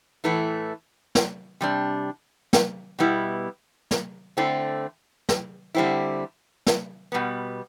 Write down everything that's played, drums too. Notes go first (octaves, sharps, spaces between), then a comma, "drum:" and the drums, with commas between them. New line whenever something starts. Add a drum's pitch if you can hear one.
A2 E3 A3 E4
drum: snare
C3 G3 D4
drum: snare
B2 G3 B3 E4
drum: snare
D3 A3 C4 E4
drum: snare
D3 G3 C4 E4
drum: snare
B2 G3 B3